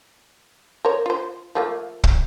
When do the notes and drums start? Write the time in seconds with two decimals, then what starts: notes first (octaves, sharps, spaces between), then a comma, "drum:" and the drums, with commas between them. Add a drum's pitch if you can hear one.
0.85 A#4 C5 C#5
1.06 F4 C5
1.55 F3 A3 A#3
2.04 drum: kick